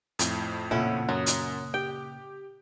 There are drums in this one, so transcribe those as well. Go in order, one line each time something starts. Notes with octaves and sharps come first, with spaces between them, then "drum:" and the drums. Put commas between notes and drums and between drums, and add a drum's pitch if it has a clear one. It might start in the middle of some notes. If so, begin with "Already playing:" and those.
F2 A2, drum: hi-hat
A#2 C#3 C#4 E4 F4 A4 F#5
F#2 F#3 D#6 F#6
drum: hi-hat
G4 G5